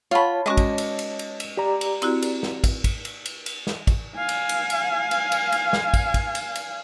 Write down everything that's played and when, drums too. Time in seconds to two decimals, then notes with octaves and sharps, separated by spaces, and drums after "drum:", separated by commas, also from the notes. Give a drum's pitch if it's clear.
0.11 F4 C#5 F#5 A5 B5 C#6
0.46 G#3 C#4 F#4 D#5 D6
0.57 drum: kick, cymbal
0.78 drum: cymbal
0.99 drum: cymbal
1.19 drum: cymbal
1.40 drum: cymbal
1.57 G4 D5 A#5
1.81 drum: cymbal
2.02 C4 E4 F#4, drum: cymbal
2.22 drum: cymbal
2.43 drum: snare
2.64 drum: kick, cymbal
2.84 drum: kick, cymbal
3.05 drum: cymbal
3.26 drum: cymbal
3.46 drum: cymbal
3.67 drum: snare
3.87 drum: kick, cymbal
4.15 F5 G#5
4.29 drum: cymbal
4.49 drum: cymbal
4.70 drum: cymbal
5.11 drum: cymbal
5.32 drum: cymbal
5.52 drum: cymbal
5.73 drum: snare
5.94 drum: kick, cymbal
6.14 drum: kick, cymbal
6.35 drum: cymbal
6.55 drum: cymbal